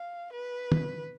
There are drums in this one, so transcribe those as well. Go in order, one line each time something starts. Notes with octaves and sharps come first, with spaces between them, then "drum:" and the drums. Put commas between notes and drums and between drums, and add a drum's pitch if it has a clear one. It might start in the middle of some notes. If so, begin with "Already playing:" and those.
Already playing: F5
B4
drum: tom